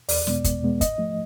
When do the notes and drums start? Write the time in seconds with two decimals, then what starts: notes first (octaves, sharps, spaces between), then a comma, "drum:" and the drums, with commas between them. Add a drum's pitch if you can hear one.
0.09 E2 D5, drum: open hi-hat
0.27 B2 G#3 B3, drum: snare
0.44 E2, drum: kick, hi-hat
0.63 B2 G#3 B3
0.81 G#2 D#5, drum: kick, hi-hat
0.98 F3 A3